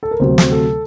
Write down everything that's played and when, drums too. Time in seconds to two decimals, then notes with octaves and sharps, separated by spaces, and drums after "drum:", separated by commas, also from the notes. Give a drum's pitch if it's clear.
0.03 A4
0.11 A#4
0.19 D2 C3 F#3 C5
0.38 drum: snare
0.52 A4